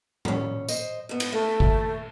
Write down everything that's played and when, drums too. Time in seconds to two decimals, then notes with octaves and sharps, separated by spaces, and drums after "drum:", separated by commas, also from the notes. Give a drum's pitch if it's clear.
0.25 G2 C#4, drum: tom A2
0.69 C5 D#5, drum: tambourine
1.09 G#2 B3
1.20 drum: cymbal
1.32 A3 E5
1.60 drum: kick